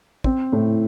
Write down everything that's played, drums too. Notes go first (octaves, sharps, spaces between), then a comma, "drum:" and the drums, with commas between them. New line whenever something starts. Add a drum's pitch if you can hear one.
C4, drum: kick
A2